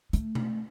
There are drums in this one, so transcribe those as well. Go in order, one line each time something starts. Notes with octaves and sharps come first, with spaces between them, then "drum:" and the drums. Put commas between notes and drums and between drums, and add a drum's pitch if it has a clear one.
A3, drum: hi-hat
drum: tom B2